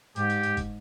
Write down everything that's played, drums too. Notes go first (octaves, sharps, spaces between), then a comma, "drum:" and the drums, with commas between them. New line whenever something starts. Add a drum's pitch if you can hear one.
G#2 G4, drum: hi-hat
drum: hi-hat
drum: hi-hat
drum: kick F#1, hi-hat